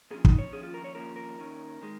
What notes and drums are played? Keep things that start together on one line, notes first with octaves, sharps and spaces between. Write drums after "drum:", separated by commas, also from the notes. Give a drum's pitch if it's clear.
A#2 F3 C#4 G#4
D#4, drum: kick
C#5
D#2 C#3 F3 C#4 G#4
F4
A#4
C#5
D#2 C#3 F3 A#3 C#4 A#4
A#4
D#2 D#3 C#4
D#3 G#3